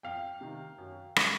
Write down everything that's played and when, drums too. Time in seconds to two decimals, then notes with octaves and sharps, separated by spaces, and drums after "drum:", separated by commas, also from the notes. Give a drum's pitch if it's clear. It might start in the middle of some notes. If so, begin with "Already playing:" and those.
0.03 F2 F5 G5
0.41 C3 D#3
0.78 F#2
1.16 D3, drum: rim click